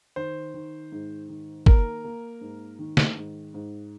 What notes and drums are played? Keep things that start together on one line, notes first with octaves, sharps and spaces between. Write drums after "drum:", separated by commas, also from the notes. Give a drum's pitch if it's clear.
D#3 C5
D#3
G#2
D#3
A#3 A#4, drum: kick
A#3
G#2
D#3
drum: snare
G#2
G#2